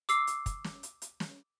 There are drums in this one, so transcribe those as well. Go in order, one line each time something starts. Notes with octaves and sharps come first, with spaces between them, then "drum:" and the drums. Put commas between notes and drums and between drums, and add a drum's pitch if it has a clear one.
D6 E6 C7, drum: hi-hat
drum: hi-hat
drum: kick, hi-hat
drum: snare
drum: hi-hat
drum: hi-hat
drum: snare